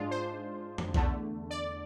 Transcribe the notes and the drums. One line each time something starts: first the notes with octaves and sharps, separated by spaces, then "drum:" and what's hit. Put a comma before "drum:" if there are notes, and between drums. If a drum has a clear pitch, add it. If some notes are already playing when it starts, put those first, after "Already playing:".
Already playing: G#2 G#3 D4 F4
C5
drum: tom F2
E2 D3 A3, drum: kick B1
D5